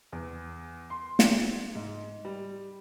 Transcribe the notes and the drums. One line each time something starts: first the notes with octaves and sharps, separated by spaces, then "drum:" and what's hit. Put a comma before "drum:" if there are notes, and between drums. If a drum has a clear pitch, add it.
E2
C6
drum: snare
G#2
G3